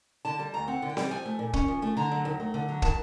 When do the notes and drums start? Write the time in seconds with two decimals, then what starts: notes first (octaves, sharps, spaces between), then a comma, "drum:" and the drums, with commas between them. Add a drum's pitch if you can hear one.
0.25 D3 A5
0.39 G3 A5
0.54 D2 A#5
0.68 C4 F#5
0.82 D3
0.90 G5
0.97 G3, drum: snare C4
1.11 F3 G#5
1.25 A3
1.39 A#2
1.53 C#4, drum: kick
1.68 F3
1.82 A3
1.97 D3 A#5
2.12 F#3
2.25 D#2
2.40 A3
2.54 D3
2.69 F#3
2.82 D#3 A5, drum: kick